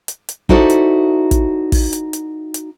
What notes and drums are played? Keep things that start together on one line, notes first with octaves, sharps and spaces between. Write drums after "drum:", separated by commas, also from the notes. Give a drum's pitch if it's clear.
drum: hi-hat
drum: hi-hat
D#4 E4 F#4 A4 C5 D5, drum: kick
drum: hi-hat
drum: kick, hi-hat
drum: kick, open hi-hat
drum: hi-hat
drum: hi-hat
drum: hi-hat